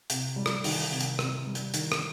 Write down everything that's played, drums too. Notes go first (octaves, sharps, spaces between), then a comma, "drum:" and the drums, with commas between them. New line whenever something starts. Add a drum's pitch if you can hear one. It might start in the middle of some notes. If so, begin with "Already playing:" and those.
C3, drum: hi-hat
G3
drum: rim click
D#3, drum: open hi-hat
C3
drum: hi-hat
C3, drum: rim click
G3
drum: hi-hat
D#3, drum: hi-hat
drum: rim click